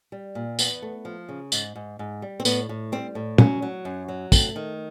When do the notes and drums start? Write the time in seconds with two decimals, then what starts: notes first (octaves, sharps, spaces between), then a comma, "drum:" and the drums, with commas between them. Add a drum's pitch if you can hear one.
0.12 G3
0.35 A#2
0.59 E2 B3, drum: tambourine
0.82 A3
1.05 F3
1.29 C#3
1.52 G#2, drum: tambourine
1.76 G#2
1.99 G#2
2.22 G3
2.40 C4
2.45 A2 B3, drum: tambourine
2.69 A2
2.92 G3 C4
3.15 A2
3.38 F#3 C#4, drum: tom
3.62 F#3
3.85 F#2
4.08 F#3
4.32 A3 C4, drum: kick, tambourine
4.56 D#3